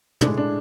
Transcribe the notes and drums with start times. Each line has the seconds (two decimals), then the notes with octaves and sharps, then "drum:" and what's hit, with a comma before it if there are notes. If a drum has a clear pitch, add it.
0.21 A2 G#3 D4, drum: tom
0.38 D4